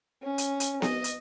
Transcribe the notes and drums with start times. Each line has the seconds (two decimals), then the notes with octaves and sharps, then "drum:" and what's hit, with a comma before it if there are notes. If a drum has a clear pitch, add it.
0.23 C#4
0.38 drum: hi-hat
0.60 drum: hi-hat
0.82 D#5, drum: snare B3
1.04 drum: hi-hat